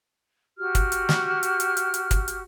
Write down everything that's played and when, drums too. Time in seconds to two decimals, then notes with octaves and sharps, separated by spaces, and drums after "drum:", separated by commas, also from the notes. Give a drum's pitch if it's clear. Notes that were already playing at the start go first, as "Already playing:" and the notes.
0.58 F#4 G4 F6
0.75 drum: kick, hi-hat
0.92 drum: hi-hat
1.09 drum: snare
1.43 drum: hi-hat
1.60 drum: hi-hat
1.77 drum: hi-hat
1.94 drum: hi-hat
2.11 drum: kick, hi-hat
2.28 drum: hi-hat